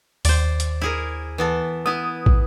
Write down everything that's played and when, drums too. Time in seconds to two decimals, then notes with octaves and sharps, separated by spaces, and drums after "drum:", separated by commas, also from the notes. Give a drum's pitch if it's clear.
0.25 D#2 C5 D5, drum: open hi-hat
0.60 drum: hi-hat
0.81 E4 G#4 A#4
1.38 E3 B3 A4
1.86 B3 E4 D#6
2.26 drum: kick